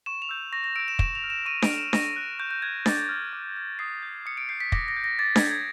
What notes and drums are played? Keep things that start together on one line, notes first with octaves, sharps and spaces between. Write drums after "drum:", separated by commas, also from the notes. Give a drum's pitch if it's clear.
C#6 E7
F7
E6 G6
C#6 A#6
A#6
E6 G6 D7
E7
C#6 E7, drum: kick
F7
F6
E7
C#6 D#7
D7, drum: snare D4
F6
E7
C#6 A#6, drum: snare D4
F#6
C#6 G6
G6
F#6 G#6
D6 A6, drum: snare D4
F6
D6
F6
D#6 C7
G6
D#6 C#7
D7
G6 C7
B6
D6 A#6, drum: kick
A#6
G6
A#6
D6 A6
G#6, drum: snare D4
G6
G#6